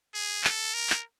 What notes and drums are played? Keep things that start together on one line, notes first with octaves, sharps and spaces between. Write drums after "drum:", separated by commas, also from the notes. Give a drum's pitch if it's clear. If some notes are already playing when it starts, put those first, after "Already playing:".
G#4
A4, drum: clap
A#4
drum: clap